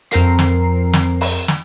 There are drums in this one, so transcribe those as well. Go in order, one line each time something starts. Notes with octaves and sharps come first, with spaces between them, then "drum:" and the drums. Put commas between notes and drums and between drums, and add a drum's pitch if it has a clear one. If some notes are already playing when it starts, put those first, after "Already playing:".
F2 C4 A#4 C7, drum: hi-hat
drum: snare
drum: snare
drum: open hi-hat
drum: snare